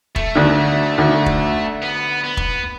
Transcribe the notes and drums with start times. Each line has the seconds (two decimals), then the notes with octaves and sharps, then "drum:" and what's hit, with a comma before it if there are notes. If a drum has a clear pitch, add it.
0.16 A3, drum: kick
0.35 D2 D3
0.98 D2 D3
1.26 drum: kick
1.82 B3
2.24 B3
2.37 drum: kick